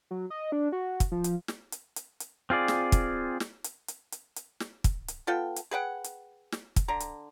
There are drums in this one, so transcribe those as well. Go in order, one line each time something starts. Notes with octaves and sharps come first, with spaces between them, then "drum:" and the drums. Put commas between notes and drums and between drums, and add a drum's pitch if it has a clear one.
F#3
D#5
D4
F#4
drum: kick, hi-hat
F3
drum: hi-hat
drum: snare
drum: hi-hat
drum: hi-hat
drum: hi-hat
C4 F4 G#4 D5
drum: snare
drum: kick, hi-hat
drum: snare
drum: hi-hat
drum: hi-hat
drum: hi-hat
drum: hi-hat
drum: snare
drum: kick, hi-hat
drum: hi-hat
B3 F4 A4 G5
drum: hi-hat
G#4 B4 F#5 G5
drum: hi-hat
drum: snare
drum: kick, hi-hat
D3 A#5
drum: hi-hat